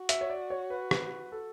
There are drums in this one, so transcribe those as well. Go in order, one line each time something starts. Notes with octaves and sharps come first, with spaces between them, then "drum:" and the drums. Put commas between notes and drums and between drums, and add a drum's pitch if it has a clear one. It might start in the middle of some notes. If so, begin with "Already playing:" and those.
Already playing: F#4
E5, drum: hi-hat
C#5
D5
C#5
B4
B4, drum: rim click
A4